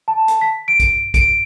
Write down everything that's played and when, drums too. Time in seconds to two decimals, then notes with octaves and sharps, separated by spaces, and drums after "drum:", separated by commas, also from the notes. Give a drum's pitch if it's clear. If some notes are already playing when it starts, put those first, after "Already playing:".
0.08 A5
0.28 drum: hi-hat
0.41 B6
0.68 D7
0.80 drum: kick A1, hi-hat
1.14 D7, drum: kick A1, hi-hat